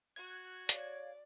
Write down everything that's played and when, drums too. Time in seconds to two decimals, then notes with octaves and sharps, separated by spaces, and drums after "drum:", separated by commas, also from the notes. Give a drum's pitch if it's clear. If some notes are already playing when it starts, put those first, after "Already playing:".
0.16 F#4 F#6 G#6
0.69 C#5 D5 F5, drum: hi-hat